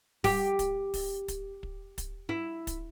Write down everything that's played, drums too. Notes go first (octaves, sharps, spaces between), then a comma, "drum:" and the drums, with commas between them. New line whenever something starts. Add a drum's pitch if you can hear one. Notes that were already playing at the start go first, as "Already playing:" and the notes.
G4, drum: kick, open hi-hat
drum: kick, hi-hat
drum: kick, open hi-hat
drum: kick, hi-hat
drum: kick
drum: kick, hi-hat
E4
drum: kick, hi-hat